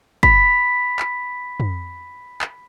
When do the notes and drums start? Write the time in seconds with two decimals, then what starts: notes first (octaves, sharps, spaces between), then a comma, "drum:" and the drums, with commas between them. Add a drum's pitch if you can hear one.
0.23 B5 B6, drum: kick
0.99 drum: clap
1.60 drum: tom
2.42 drum: clap